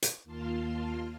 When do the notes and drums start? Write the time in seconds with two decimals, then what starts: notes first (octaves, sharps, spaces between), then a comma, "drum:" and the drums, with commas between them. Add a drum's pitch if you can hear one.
0.02 drum: hi-hat
0.24 D#2 A#3 F4 A5 C6 F6